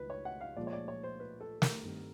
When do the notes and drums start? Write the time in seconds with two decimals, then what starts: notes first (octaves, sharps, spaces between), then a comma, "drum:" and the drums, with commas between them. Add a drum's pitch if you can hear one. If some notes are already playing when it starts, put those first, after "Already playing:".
Already playing: C#2 D#3 F#3 B4
0.10 C#5
0.25 F#5
0.41 F5
0.56 A#2 F3 G#3 D5
0.67 C#5
0.73 D5
0.88 C#5
1.03 C5
1.20 B4
1.41 A4
1.62 A#4, drum: snare
1.82 G2 D#3 G3 C4